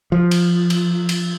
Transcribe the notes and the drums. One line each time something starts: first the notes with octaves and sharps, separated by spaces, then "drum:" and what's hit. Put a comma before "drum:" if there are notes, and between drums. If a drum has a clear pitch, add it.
F3
drum: cymbal
drum: cymbal
drum: cymbal